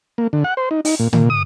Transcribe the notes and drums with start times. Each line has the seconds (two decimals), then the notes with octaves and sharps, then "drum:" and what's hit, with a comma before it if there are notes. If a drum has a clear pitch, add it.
0.18 A#3
0.33 D3
0.44 F#5
0.57 C5
0.71 D#4
0.85 D#4, drum: open hi-hat
1.00 A#2
1.13 A#2, drum: tom
1.30 D#6